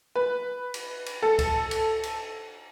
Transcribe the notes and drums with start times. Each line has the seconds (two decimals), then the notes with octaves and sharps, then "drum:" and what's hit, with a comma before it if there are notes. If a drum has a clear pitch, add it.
0.15 B4
0.74 drum: cymbal
1.06 drum: cymbal
1.22 A4
1.39 drum: kick C2, cymbal
1.71 drum: cymbal
2.03 drum: cymbal